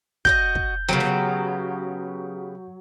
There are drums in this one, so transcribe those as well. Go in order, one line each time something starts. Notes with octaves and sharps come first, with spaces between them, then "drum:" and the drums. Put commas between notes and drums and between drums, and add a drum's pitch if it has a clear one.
F#4 G4 D#5 G6, drum: kick
drum: kick
C#3 F#3 B3 G4
drum: snare